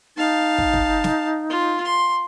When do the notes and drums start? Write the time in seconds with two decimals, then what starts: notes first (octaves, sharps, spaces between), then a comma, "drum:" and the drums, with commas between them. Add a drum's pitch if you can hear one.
0.17 D#4 F5 A5
0.58 drum: kick
0.73 drum: kick
1.04 drum: snare
1.50 F4
1.84 C6